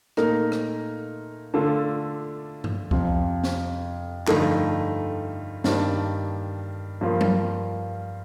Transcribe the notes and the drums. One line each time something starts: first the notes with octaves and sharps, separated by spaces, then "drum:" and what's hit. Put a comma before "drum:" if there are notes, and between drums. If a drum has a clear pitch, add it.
A#2 A3 D#4 A#4, drum: rim click
drum: rim click
D3 A3 D4 F4 A4
drum: tom G2
F2 C3 F3, drum: kick C2
drum: snare
G2 D3 F3 A3 D#4, drum: clap
G2 D#3 A#3 D4 G4, drum: snare
G2 F3 A#3 F4
drum: tom F#3